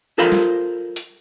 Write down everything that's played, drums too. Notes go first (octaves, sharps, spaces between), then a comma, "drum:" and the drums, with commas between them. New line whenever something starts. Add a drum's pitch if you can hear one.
F4 A4 A#4 C5 F5 B5
drum: snare
drum: hi-hat